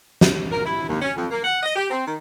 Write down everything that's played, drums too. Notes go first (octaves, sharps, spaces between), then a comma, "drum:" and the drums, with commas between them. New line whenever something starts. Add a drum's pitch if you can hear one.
drum: snare
A#4
E4
D#2
C#4
F2
A#3
F#5
D#5
G4
C4
D#3